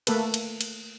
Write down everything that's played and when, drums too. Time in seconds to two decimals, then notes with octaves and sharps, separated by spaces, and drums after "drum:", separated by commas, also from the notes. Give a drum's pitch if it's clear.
0.07 A3 A#3 A4 B4, drum: cymbal
0.34 drum: cymbal
0.61 drum: cymbal